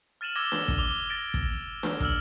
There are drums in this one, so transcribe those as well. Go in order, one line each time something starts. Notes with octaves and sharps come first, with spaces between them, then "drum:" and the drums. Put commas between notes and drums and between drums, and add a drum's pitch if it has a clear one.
F6 A6 D#7 E7 F#7
D6 E6 G#6 A#6 G7
drum: snare D4
drum: kick
D6 F7 G7
A6 A#6 D7
drum: kick
drum: snare D4
E6 F6 F#7, drum: kick